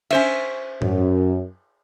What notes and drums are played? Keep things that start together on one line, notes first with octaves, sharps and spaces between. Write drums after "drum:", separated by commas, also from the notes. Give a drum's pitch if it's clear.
C#4 C5 E5, drum: cymbal
F#2, drum: tom G#2